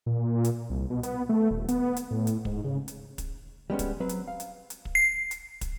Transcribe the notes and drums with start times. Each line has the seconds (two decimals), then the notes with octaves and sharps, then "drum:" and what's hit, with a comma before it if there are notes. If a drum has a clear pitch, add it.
0.06 A#2
0.44 drum: hi-hat
0.70 C2
0.90 B2
1.03 B3, drum: hi-hat
1.29 A3
1.51 D#1
1.68 B3, drum: hi-hat
1.96 drum: hi-hat
2.11 A2
2.27 drum: hi-hat
2.45 G#2, drum: kick
2.65 C#3
2.88 drum: hi-hat
3.18 drum: kick, hi-hat
3.70 G3 G#3 B3 C#4
3.79 drum: kick, hi-hat
4.00 F#3 C4 B4
4.09 drum: hi-hat
4.28 F5
4.40 drum: hi-hat
4.70 drum: hi-hat
4.85 drum: kick
4.95 C7
5.31 drum: hi-hat
5.61 drum: kick, hi-hat